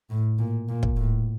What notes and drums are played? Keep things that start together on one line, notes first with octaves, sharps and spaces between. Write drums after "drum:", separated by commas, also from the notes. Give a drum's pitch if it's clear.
A2
A#2
A#2
drum: kick
A2